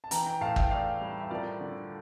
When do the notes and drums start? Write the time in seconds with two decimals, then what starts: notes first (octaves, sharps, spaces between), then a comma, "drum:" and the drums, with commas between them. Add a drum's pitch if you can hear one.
0.04 A5
0.11 E3 G5 A#5, drum: hi-hat
0.26 G5 A#5
0.41 A2 F5 A5
0.56 E5 G5, drum: kick
0.71 A2 D5 F5
1.01 G3
1.21 E5
1.31 F3 A#4 D5
1.60 D3